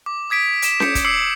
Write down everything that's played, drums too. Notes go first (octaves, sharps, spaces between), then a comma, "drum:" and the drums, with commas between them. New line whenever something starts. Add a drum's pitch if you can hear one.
D6
D#6 G#6 B6 D7
B6 E7, drum: hi-hat
G6 C#7, drum: snare C#4
drum: kick, hi-hat
D6 E6 C7 C#7 F#7